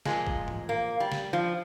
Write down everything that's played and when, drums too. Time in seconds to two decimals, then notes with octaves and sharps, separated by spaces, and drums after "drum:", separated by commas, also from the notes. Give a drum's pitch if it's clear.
0.06 A#2 F3 G#3, drum: snare
0.27 drum: kick G#1
0.48 drum: tom G#2
0.69 A#3
1.00 G3
1.12 drum: snare
1.33 F3